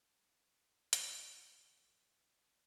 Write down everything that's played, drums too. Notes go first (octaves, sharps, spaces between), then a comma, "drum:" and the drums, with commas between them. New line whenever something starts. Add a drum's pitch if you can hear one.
F#2 G3 E4 G#4 G5 D#6
drum: hi-hat
D#4 F#4 C#5